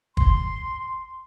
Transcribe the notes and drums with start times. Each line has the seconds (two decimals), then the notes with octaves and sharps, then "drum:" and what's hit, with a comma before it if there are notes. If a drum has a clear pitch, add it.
0.17 C6, drum: kick